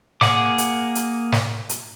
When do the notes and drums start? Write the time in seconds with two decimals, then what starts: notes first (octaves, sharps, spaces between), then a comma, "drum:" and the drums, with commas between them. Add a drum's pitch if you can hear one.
0.21 A#3 G#4 F#5 D6, drum: snare
0.58 drum: hi-hat
0.95 drum: hi-hat
1.32 drum: snare
1.69 drum: hi-hat